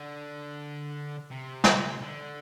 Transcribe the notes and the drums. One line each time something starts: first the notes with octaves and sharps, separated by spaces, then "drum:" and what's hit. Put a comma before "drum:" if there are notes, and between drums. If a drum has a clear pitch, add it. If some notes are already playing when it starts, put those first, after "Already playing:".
Already playing: D3
C3
drum: snare
D3